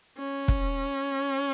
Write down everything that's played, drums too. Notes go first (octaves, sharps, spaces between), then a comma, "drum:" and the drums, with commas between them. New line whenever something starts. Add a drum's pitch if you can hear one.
C#4
drum: kick